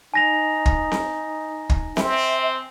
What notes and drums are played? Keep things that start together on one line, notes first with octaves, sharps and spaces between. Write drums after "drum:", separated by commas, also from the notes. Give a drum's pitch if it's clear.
D#4 G#5 A#6 F7
drum: kick
drum: snare C4
drum: kick
C4 E5, drum: snare C4